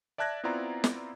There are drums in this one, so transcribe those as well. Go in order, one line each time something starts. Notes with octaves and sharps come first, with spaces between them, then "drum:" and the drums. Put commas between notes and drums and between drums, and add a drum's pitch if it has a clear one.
D5 E5 A5 F#6 G#6 A#6
B3 C4 E4 F4 D5 A#5
drum: snare